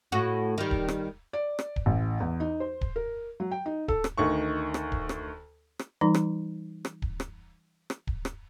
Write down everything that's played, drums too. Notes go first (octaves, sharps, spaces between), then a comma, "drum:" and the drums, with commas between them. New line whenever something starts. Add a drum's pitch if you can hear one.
A2 F#4
D#3 G3
drum: kick D1
drum: rim click
D5
drum: rim click
drum: kick D1
A1
E2
D#4
C5
drum: kick D1
A#4
F#3
G5
D#4
A4, drum: kick D1
drum: rim click
D2 D#3 C#6
drum: rim click
drum: kick D1
drum: rim click
drum: rim click
E3 G3 D#4
drum: rim click
drum: rim click
drum: kick D1
drum: rim click
drum: rim click
drum: kick D1
drum: rim click